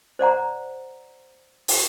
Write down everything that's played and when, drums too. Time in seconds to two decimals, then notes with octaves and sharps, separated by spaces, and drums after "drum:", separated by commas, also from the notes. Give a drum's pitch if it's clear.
0.19 C5 D5 F#5 A#5
1.68 drum: open hi-hat